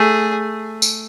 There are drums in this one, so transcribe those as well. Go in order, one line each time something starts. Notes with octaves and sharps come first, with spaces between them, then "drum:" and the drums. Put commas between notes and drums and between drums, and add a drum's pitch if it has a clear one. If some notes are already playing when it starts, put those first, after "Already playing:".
Already playing: A3 G#4
drum: tambourine